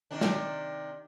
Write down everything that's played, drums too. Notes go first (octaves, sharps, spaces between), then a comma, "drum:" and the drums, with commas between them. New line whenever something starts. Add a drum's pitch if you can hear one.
C3 D#3 D4
drum: snare